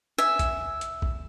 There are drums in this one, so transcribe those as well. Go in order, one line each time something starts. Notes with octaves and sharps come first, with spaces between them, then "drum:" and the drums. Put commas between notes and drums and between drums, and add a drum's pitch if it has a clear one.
E5 G#5
drum: kick, hi-hat
drum: hi-hat
drum: kick